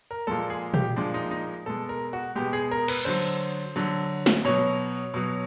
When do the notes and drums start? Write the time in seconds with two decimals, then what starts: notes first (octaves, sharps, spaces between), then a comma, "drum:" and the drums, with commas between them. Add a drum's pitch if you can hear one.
0.11 A#4
0.27 A#2 F3 G#3 A4
0.50 G#4
0.74 G4, drum: tom
0.96 A#2 F3 G#3 D4
1.14 D#4
1.31 D#4
1.66 B2 G#3 A4
1.89 A#4
2.13 F#4
2.35 B2 G#3 G4
2.53 G#4
2.71 A#4
2.88 B4, drum: cymbal
3.05 D3 F#3 C5
3.76 D3 F#3
4.26 drum: snare
4.45 B2 F#3 C#5
5.14 B2 F#3